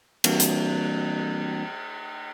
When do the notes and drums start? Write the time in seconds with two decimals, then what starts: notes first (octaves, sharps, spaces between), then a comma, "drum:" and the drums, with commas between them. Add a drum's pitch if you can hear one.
0.24 E3 G3 A#3 C4 D4 F#4, drum: cymbal
0.40 drum: hi-hat